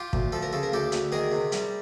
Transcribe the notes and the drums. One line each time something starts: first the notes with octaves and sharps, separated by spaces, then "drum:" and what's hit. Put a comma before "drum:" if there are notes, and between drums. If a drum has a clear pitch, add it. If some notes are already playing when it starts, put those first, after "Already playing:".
Already playing: F4 G4
D2, drum: kick
F3 A4
A#4
C#3 A4
A#4
D2 G4 A4
D2, drum: hi-hat
D#3 G#4 A#4
C3
G3, drum: hi-hat